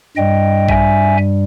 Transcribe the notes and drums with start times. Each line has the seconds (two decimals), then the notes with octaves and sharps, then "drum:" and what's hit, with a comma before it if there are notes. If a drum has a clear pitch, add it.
0.16 G2 G3 D#5 G5
0.69 E5 G#5, drum: kick A#1